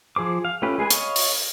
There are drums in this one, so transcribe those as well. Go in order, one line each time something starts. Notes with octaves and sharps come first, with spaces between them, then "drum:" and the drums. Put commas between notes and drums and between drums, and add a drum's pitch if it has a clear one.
F3 G#4 C5 D6
F5
A3 C#4 F4 G4 B4
G#3 G#4 B4 G#5
C#5 D#5 F5 B5, drum: hi-hat
drum: open hi-hat